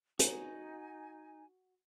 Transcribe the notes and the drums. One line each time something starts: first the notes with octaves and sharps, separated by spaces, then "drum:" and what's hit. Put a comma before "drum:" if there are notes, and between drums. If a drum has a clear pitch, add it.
D#4 F#4 G#5, drum: hi-hat